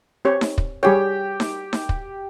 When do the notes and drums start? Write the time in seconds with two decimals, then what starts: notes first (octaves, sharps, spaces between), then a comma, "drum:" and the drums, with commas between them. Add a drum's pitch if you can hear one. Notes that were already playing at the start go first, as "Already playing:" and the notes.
0.25 C4 G4 C#5
0.41 drum: snare D#4
0.58 drum: kick
0.83 G3 G4 G#4 C#5 G5
1.40 drum: snare D#4
1.73 drum: snare D#4
1.89 drum: kick